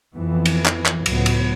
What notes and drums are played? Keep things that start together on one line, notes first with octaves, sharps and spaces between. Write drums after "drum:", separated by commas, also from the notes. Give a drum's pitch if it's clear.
F2 E3 B3
drum: cymbal
drum: clap
drum: clap
C#2 A2 F#3 B3, drum: cymbal
drum: cymbal